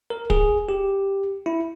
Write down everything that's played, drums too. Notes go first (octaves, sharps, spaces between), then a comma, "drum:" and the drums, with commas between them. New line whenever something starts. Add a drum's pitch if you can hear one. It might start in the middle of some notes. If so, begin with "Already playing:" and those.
A#4
G#4, drum: kick
G4
E4